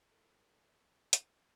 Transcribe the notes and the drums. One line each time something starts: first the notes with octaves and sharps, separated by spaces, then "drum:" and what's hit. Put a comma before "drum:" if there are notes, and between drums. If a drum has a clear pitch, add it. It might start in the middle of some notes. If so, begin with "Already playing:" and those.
E2 A4 A#4
drum: hi-hat